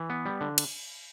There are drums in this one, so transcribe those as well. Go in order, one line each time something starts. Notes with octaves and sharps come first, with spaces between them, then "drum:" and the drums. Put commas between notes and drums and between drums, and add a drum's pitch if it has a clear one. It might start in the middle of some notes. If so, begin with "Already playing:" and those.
Already playing: E3
B3
G3
D3
drum: cymbal